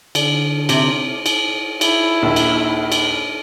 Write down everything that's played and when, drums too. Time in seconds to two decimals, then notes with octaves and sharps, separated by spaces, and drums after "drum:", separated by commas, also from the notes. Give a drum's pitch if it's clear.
0.15 D3, drum: cymbal
0.69 C3, drum: cymbal
1.26 drum: cymbal
1.81 E4, drum: cymbal
2.22 A#1 D#2
2.36 drum: cymbal
2.92 drum: cymbal